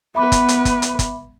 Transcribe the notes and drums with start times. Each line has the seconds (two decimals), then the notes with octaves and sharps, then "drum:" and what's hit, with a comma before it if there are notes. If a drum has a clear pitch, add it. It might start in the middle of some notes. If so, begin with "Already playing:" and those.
0.15 B3 B4 E5 B5 D6
0.32 drum: kick, hi-hat
0.49 drum: hi-hat
0.65 drum: kick, hi-hat
0.82 drum: hi-hat
0.99 drum: kick, hi-hat